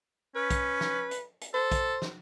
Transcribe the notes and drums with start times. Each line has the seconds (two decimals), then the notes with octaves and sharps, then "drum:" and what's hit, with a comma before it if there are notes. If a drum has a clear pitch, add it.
0.35 C#4 B4
0.51 drum: kick, hi-hat
0.81 drum: snare
1.11 drum: hi-hat
1.41 drum: hi-hat
1.54 A4 C5
1.72 drum: kick, hi-hat
2.02 drum: snare